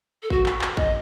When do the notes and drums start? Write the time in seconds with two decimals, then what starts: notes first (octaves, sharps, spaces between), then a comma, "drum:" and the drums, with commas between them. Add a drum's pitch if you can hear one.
0.22 A4
0.30 F#4, drum: kick G#1
0.46 drum: clap
0.62 drum: clap
0.77 D#5, drum: kick G#1